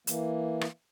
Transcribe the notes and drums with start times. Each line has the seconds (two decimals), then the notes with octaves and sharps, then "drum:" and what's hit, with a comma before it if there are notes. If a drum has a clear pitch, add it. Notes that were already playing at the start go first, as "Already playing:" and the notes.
0.07 E3 A#3, drum: hi-hat
0.61 drum: rim click